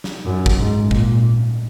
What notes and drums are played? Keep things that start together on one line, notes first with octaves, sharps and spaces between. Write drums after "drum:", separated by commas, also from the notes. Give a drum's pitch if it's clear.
drum: snare
F#2
drum: kick
G#2
A#2, drum: kick